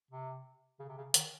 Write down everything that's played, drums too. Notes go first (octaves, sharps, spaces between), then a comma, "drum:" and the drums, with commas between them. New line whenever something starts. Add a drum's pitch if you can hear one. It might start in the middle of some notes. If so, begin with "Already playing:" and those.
C3
C#3
C3
C#3
D#3, drum: hi-hat